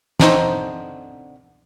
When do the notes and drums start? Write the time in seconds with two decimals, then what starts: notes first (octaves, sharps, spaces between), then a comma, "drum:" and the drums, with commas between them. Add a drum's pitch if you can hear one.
0.19 D3 C4 D#4 C5, drum: snare